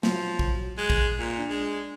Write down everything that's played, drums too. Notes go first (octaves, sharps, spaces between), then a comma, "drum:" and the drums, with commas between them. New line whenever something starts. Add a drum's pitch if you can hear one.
F3 F#3, drum: snare
drum: kick A1
G#3 F#6
drum: kick A1
A#2
D4
G#3